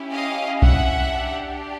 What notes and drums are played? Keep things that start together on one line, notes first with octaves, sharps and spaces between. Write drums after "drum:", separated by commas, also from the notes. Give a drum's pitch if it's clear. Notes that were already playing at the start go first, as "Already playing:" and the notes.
Already playing: C#4 E4 G4
D#5 F5
E5 F#5, drum: kick B1
D4 G4